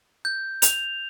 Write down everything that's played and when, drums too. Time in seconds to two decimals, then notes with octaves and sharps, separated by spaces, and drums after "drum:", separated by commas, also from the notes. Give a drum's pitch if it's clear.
0.25 G6
0.62 F7, drum: hi-hat